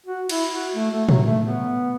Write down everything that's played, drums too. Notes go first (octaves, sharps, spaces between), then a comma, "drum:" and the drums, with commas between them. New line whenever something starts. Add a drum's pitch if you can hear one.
F#4
E4, drum: cymbal
F#4
A3
A3
F#3, drum: tom
A3
B3